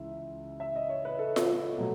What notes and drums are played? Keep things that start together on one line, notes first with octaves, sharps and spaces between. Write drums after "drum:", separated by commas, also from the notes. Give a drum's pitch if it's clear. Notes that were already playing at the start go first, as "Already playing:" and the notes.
Already playing: C#2 C#3 E3 G#3 E5
E5
D#5
C#5
B4
A4
drum: snare F4
B2 F#3 A3